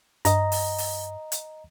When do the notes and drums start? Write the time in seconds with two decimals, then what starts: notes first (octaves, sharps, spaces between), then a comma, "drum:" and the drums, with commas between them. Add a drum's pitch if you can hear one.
0.25 G2 D#5 A#5, drum: hi-hat
0.52 drum: open hi-hat
0.78 drum: open hi-hat
1.32 drum: hi-hat